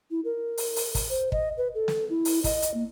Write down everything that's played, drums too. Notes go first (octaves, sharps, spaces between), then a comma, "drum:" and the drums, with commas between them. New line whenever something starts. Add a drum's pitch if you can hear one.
E4
A#4
drum: open hi-hat
drum: open hi-hat
drum: kick, open hi-hat
C5
D#5, drum: kick
B4
A4
drum: snare
E4
drum: open hi-hat
D#5, drum: kick, open hi-hat
drum: hi-hat
A#3